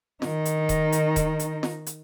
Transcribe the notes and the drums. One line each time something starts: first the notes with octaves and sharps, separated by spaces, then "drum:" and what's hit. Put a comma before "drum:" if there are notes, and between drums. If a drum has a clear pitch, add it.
D#3 D#4, drum: snare
drum: hi-hat
drum: kick D#1, hi-hat
drum: hi-hat
drum: kick D#1, hi-hat
drum: hi-hat
drum: snare
drum: hi-hat